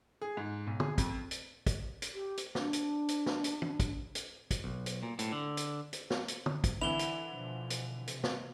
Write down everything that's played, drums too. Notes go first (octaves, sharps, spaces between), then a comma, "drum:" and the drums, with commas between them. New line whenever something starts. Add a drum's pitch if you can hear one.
G#4
G#2
B1
G#4, drum: tom
F2, drum: kick, hi-hat
drum: hi-hat
drum: kick, hi-hat
drum: hi-hat
G4
drum: hi-hat
D4, drum: snare
drum: hi-hat
drum: hi-hat
drum: snare
drum: hi-hat
drum: tom
drum: kick, hi-hat
drum: hi-hat
drum: kick, hi-hat
B1
drum: hi-hat
A#2
A2, drum: hi-hat
D3
drum: hi-hat
drum: hi-hat
drum: snare
drum: hi-hat
drum: tom
drum: kick, hi-hat
D3 E3 E4 F7 G7
drum: hi-hat
B2 F3
drum: hi-hat
C3, drum: hi-hat
drum: snare